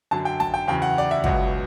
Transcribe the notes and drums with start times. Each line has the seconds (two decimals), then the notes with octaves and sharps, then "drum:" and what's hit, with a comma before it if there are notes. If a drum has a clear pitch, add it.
0.11 F#2 D3 F#3 A5
0.25 G5
0.40 A5, drum: snare
0.54 G5
0.68 E2 C#3 F#3 G5
0.82 F#5
0.98 D5
1.11 E5
1.24 C#2 B2 F#3 F#5, drum: kick